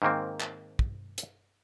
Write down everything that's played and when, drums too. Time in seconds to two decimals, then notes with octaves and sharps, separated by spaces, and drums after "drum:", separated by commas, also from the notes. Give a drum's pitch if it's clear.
0.02 G#2 D#3 A#3 C4
0.40 drum: clap
0.79 drum: kick
1.18 drum: hi-hat